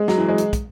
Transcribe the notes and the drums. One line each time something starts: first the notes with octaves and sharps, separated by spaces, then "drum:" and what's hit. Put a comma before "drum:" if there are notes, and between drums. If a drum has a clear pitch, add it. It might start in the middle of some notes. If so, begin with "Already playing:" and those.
Already playing: G#3
F#3, drum: snare
E3
G#3
drum: hi-hat
drum: kick, hi-hat